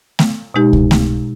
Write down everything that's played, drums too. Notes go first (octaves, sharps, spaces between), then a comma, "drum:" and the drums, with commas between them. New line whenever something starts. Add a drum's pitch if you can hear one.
drum: snare A3
B2 G#3 D#4 G4
drum: kick C2
drum: snare A3